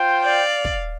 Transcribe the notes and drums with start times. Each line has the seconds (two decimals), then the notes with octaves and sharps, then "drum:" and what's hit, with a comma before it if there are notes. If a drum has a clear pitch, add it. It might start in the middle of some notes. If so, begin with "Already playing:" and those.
Already playing: F4 C5 G5
0.23 D5 F5
0.64 drum: kick